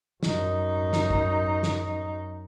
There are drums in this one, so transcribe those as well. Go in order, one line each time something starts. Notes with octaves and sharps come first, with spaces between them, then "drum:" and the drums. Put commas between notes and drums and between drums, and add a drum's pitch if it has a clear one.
F#2 D#4, drum: snare
drum: snare
drum: kick
drum: snare